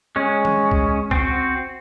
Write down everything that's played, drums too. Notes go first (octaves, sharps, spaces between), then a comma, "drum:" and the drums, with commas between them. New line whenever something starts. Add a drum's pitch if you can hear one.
G#3 C#4
drum: tom
drum: kick C2
C4 F#4, drum: kick C2